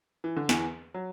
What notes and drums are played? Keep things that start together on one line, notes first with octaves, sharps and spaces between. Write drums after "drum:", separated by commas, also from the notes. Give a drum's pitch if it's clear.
E3
D3
E2 E3, drum: snare
F#3